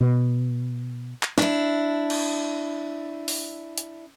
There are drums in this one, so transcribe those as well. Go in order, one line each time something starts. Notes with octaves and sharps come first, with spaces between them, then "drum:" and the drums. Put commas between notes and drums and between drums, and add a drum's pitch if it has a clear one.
B2
drum: clap
D4 E4, drum: snare
drum: cymbal
drum: open hi-hat
drum: hi-hat